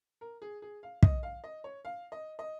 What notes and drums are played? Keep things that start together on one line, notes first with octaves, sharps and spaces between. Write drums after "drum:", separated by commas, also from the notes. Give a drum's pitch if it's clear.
A#4
G#4
G#4
F5
D#5, drum: kick
F5
D#5
C#5
F5
D#5
D#5